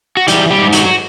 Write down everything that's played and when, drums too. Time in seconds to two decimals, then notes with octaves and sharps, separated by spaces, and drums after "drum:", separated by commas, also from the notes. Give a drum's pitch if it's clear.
0.17 F#4
0.28 E3 G3 G4, drum: hi-hat
0.50 G3 G4
0.58 G#2
0.73 F#3 F#4, drum: hi-hat
0.85 F#4